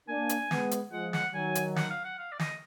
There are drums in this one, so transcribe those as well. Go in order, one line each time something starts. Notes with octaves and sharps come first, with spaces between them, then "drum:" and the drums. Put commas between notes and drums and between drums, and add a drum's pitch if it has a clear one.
A#3 D4 G#5
drum: hi-hat
G#3 B3, drum: snare
drum: hi-hat
F3 G#3 F#5
F#5, drum: snare
D#3 F#3 G#5
drum: hi-hat
F#5, drum: snare
F5
F#5
F5
D5
D#5, drum: snare